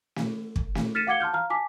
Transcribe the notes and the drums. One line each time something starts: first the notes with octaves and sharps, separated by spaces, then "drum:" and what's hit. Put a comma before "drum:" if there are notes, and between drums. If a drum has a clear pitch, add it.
drum: snare
drum: kick
drum: snare
F6 A6 B6 C#7 D#7 E7
F5 F#5 D6 G#6 C#7 G7
A5 C6 F6 G6
F5 A#5 F6
G#5 A5 D6 B6